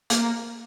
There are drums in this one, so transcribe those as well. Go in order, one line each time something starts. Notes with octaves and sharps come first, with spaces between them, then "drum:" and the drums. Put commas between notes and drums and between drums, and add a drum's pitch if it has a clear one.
A#3, drum: hi-hat